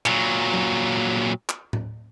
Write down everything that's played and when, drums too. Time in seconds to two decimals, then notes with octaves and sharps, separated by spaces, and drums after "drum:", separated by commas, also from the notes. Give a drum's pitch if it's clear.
0.06 A#2 F#3, drum: clap
0.53 drum: tom F#3
1.49 drum: clap
1.73 drum: tom A2